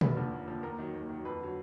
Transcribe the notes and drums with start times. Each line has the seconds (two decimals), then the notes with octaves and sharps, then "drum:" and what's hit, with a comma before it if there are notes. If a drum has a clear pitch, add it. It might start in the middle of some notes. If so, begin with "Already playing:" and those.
0.01 F1 B4, drum: tom
0.16 D#2 D3 F3
0.32 F1
0.48 D#2 D3 F3
0.63 D#2 A#4
0.78 D#3 F#3
0.94 D#2
1.09 D#3 F#3
1.25 F2 B4
1.41 D3 F#3